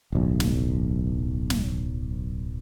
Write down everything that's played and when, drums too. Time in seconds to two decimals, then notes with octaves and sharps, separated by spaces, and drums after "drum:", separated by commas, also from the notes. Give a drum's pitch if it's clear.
0.12 D1 B1
0.40 drum: snare
1.50 drum: snare